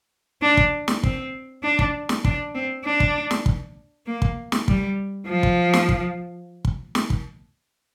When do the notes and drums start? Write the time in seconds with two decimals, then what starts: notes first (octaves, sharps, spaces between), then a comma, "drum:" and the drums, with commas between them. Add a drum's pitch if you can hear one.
0.42 D4
0.57 drum: kick
0.88 drum: snare
1.03 C4, drum: kick
1.64 D4
1.79 drum: kick
2.09 drum: snare
2.25 D4, drum: kick
2.55 C4
2.85 D4
3.00 drum: kick
3.31 drum: snare
3.46 drum: kick
4.07 A#3
4.22 drum: kick
4.52 drum: snare
4.68 G3, drum: kick
5.28 F3
5.43 drum: kick
5.73 drum: snare
5.89 drum: kick
6.65 drum: kick
6.95 drum: snare
7.10 drum: kick